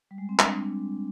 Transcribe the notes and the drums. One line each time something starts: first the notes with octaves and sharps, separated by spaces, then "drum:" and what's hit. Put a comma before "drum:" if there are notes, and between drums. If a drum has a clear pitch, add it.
G3
G#3
C4
D4, drum: clap
C4